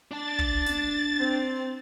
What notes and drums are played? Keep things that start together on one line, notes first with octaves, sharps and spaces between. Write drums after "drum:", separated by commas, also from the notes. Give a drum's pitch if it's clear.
D4 A5 A6
drum: kick
drum: snare
C4